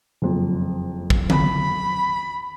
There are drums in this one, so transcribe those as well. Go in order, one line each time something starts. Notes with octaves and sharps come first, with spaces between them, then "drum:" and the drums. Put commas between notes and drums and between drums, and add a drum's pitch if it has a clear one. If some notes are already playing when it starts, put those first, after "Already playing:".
F#1 F2
drum: kick
B5, drum: tom D3